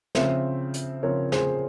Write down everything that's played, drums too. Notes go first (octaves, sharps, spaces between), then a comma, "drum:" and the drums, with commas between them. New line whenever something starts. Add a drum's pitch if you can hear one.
C#3 F3 C4 C5 E5, drum: snare
drum: hi-hat
C#3 F3 C4 A#4 C#5
G#4 C5, drum: snare